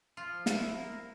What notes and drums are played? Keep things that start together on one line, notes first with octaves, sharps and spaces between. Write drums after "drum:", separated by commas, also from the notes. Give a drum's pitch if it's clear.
F3 F4
E4, drum: snare
A#3